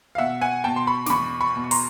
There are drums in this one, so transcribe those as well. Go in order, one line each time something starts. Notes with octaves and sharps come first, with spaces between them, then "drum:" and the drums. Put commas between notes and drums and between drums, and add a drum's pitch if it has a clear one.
F5
B2 E5 F#5
F#5 G#5
B2 G5 A5
C6
B5 C#6
D6, drum: snare
E2 B5 C#6
B5 C#6
B2
C#6
A#5 C6, drum: open hi-hat